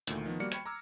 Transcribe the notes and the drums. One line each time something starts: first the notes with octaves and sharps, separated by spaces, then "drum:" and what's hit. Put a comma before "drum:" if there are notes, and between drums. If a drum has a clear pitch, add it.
D2 A#2 D#3 A3, drum: hi-hat
D#3 F3 B3
G3 A#3 F#4 D5 F6 C#7
G5 B5 C#6 G#6, drum: hi-hat
A#5 D6 E6 F6 G#6